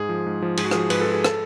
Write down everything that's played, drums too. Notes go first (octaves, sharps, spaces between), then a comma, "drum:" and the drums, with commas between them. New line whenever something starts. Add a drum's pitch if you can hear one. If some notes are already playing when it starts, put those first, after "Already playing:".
Already playing: G#2 G#4
F3
G#2
F3
G#2 G#4, drum: cymbal
F#4
F3 G#4, drum: rim click
G#2 B4, drum: cymbal
F3 A4
G#4
A4, drum: rim click